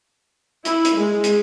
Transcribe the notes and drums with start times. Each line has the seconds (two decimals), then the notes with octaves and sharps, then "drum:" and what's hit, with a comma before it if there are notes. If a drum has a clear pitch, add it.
0.65 E4, drum: hi-hat
0.85 drum: hi-hat
0.96 G#3
1.24 drum: hi-hat